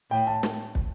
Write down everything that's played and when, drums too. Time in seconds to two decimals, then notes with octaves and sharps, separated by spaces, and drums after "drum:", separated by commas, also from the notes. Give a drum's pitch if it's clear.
0.11 A2 G5
0.27 A5
0.43 drum: snare
0.75 drum: kick